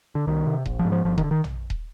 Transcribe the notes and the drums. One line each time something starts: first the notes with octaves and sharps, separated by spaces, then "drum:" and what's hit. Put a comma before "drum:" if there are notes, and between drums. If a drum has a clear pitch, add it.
D3
C2 D#3
C3
A#1, drum: kick D#1
F3
G#2
F3
G1 F3
D#3, drum: kick D#1
D3
D#3
drum: tom
drum: kick D#1